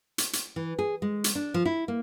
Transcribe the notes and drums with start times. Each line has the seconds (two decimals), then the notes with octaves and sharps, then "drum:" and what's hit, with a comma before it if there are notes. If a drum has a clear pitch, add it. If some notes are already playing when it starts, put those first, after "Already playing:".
0.18 drum: hi-hat
0.33 drum: hi-hat
0.56 E3
0.79 G#4
1.02 G#3
1.24 drum: hi-hat
1.35 D4
1.54 F3
1.65 E4
1.88 A#3